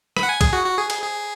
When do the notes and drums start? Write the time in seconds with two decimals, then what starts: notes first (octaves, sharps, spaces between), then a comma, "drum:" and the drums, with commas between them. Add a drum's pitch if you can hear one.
0.17 B5, drum: rim click
0.23 F#5
0.29 G#5
0.41 G#4, drum: kick, cymbal
0.53 F#4
0.65 F#4
0.78 G#4
0.90 G#4, drum: cymbal
1.02 G#4